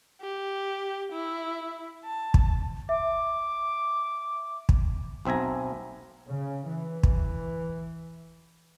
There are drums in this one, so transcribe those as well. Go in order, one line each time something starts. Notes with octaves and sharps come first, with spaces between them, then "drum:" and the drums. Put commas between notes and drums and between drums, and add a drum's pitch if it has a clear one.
G4
E4
A5
drum: kick
E5 D6
drum: kick
B1 C4 E5 G#5 A#5
C#3
E3
drum: kick